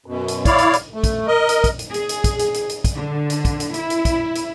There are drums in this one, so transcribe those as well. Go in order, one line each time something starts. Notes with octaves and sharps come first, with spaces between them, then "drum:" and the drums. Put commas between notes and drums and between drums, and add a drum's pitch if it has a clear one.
F#2 B2
drum: hi-hat
E4 C#5 D5 F5, drum: kick, hi-hat
drum: hi-hat
drum: hi-hat
A3
drum: kick, hi-hat
A#4 D#5
drum: hi-hat
drum: kick, hi-hat
drum: hi-hat
G#4, drum: hi-hat
drum: hi-hat
drum: kick, hi-hat
drum: hi-hat
drum: hi-hat
drum: hi-hat
drum: kick, hi-hat
D3
drum: hi-hat
drum: kick, hi-hat
drum: hi-hat
E4, drum: hi-hat
drum: hi-hat
drum: kick, hi-hat
drum: hi-hat